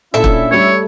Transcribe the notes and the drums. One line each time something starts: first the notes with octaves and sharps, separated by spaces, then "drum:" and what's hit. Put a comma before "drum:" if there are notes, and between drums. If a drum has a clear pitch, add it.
A#2 C#4 D4 E4 A4 E5
drum: kick
G3 A3 C#5